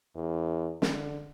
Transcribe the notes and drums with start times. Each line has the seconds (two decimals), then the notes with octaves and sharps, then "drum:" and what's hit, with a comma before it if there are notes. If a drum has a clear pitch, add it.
0.16 E2
0.82 D3, drum: snare